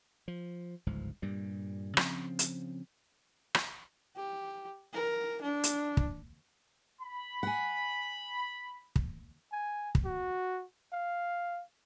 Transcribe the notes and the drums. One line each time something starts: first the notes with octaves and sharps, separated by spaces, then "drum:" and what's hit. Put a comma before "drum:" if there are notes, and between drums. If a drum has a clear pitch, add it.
F3
G1 C#2 G#2 F3
G2 A#2 G3
C#3 F3 C4, drum: rim click
drum: hi-hat
drum: rim click
G4
A#4
D4
drum: hi-hat
drum: kick
B5
F#5 G#5
drum: kick
G#5
drum: kick
F#4
F5